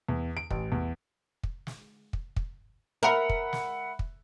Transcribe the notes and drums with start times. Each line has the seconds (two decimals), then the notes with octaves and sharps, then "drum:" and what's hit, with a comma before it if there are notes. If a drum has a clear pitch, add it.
0.09 E2
0.37 D7
0.50 A1, drum: kick
0.72 E2
1.43 drum: kick
1.67 drum: snare
2.13 drum: kick
2.36 drum: kick
3.03 A#4 E5 F#5 B5
3.29 drum: kick
3.53 drum: snare
3.99 drum: kick